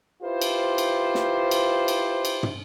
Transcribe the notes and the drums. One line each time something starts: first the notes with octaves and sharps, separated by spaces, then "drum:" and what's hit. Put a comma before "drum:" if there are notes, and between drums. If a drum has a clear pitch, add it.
E4 F4 G4 B4 C5
drum: cymbal
drum: cymbal
drum: snare
drum: cymbal
drum: cymbal
drum: cymbal
drum: tom